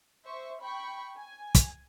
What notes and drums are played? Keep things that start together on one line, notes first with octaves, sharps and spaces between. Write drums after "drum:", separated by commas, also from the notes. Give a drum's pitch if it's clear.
C5 E5 C#6
G5 B5 C#6
G#5
drum: kick, hi-hat